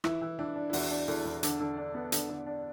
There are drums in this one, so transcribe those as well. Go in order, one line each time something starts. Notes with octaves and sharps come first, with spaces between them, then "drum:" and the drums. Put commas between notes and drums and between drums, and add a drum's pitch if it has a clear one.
E3 E4, drum: rim click
E3
E3 D4
D4
E4
E2 F#4, drum: open hi-hat
D4
E2 A4
E2
D3 D5, drum: hi-hat
D3
D4
B3
D3, drum: hi-hat
D3
D4